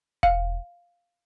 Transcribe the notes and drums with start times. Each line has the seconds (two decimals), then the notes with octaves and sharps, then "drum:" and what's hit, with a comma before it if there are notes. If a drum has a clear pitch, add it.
0.23 F5, drum: kick E1